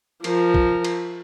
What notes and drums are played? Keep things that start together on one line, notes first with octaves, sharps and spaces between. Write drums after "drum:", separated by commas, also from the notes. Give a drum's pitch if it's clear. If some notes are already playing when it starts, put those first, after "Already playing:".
F3 A#4, drum: cymbal
drum: kick
drum: cymbal